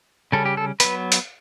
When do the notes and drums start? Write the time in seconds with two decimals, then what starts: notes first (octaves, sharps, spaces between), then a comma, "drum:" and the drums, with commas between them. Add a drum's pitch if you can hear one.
0.32 C#3 G3 C#4 A4
0.46 G4
0.57 A4
0.80 F#3 B3 B4, drum: hi-hat
1.12 drum: hi-hat